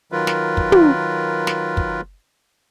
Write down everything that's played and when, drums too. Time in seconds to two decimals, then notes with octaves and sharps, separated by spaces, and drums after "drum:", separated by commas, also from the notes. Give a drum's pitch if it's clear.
0.12 D#3 F#3 F4 A#4 B4
0.27 drum: snare
0.57 drum: kick
0.72 drum: tom
1.47 drum: snare
1.77 drum: kick